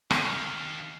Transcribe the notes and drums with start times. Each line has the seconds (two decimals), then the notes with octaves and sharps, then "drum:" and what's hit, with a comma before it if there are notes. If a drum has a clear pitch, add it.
0.11 D#3 F5, drum: rim click